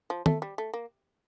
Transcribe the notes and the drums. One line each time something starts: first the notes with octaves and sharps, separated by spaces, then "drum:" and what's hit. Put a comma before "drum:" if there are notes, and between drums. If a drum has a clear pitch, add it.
F3
A3, drum: tom D#3
G3
A3
A#3